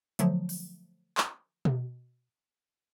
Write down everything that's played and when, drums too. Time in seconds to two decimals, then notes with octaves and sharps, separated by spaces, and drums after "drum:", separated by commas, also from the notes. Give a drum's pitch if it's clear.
0.19 D3 F3 F#3 A3, drum: hi-hat
0.49 drum: open hi-hat
1.18 drum: clap
1.65 drum: tom B2